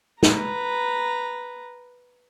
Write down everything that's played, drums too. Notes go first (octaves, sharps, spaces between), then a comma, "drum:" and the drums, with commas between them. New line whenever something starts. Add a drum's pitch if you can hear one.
B4 A#5, drum: snare